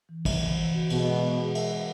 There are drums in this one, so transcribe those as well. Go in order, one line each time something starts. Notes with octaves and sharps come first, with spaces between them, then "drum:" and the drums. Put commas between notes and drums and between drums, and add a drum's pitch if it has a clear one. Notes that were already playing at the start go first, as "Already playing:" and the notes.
E3
E3, drum: kick, cymbal
E3
E3
F#4
B2 G#4, drum: cymbal
G#3
G#3
G#4
A#4, drum: cymbal
A#4